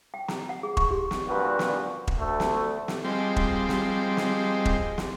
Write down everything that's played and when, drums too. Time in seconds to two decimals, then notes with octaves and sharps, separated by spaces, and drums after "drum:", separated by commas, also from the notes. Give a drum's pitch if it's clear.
0.14 G5
0.28 A#5, drum: snare
0.49 F#5
0.63 G#4
0.77 C#6, drum: kick E1
0.91 G4
1.11 drum: snare
1.27 G2 A#2 F3 F#4 B4
1.59 drum: snare
2.07 drum: kick E1
2.17 D2 A3
2.40 drum: snare
2.88 drum: snare
3.04 F3 G3 G#3 C4 D#5
3.36 drum: kick E1
3.69 drum: snare
4.17 drum: snare
4.65 drum: kick E1
4.98 drum: snare